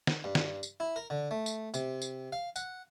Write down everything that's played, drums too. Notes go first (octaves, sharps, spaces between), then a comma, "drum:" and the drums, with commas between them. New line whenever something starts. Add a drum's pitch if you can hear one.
drum: snare
G2
drum: snare
drum: tambourine
E4
A#4
D3
A3
drum: tambourine
C3, drum: tambourine
drum: tambourine
F5
F#5, drum: tambourine